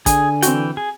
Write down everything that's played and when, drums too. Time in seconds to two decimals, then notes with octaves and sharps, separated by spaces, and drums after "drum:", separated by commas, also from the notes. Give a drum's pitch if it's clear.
0.06 D3 G#4 G#5, drum: kick, hi-hat
0.42 E3 C4 F#4 G5, drum: hi-hat
0.77 G#4